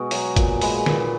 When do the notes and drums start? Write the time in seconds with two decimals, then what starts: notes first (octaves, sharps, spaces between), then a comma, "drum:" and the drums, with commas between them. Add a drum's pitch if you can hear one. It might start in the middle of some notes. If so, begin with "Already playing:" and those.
Already playing: B2 G#3 F#4 G#4
0.11 F#3, drum: open hi-hat
0.36 A#2, drum: kick, hi-hat
0.62 G#3 B4, drum: open hi-hat
0.86 A#2, drum: snare